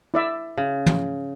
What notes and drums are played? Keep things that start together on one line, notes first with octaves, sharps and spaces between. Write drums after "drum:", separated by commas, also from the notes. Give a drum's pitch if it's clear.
E4 D5 E5
C#3
drum: tom